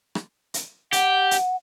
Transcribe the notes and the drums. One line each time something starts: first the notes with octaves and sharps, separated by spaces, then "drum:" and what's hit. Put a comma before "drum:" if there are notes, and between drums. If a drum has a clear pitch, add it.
drum: rim click
drum: hi-hat
G4 F#5, drum: hi-hat
drum: hi-hat